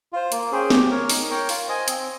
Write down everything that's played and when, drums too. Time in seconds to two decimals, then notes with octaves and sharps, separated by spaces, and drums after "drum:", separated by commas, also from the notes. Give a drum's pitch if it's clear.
0.13 F4 C5
0.32 A#3, drum: hi-hat
0.51 C#4 G#4 C5 G5
0.70 G4, drum: snare
0.91 A#4 C#5
1.09 D#4, drum: open hi-hat
1.29 A#4 C#5 G5
1.49 F4, drum: open hi-hat
1.68 C5 D#5 G#5
1.88 C4, drum: hi-hat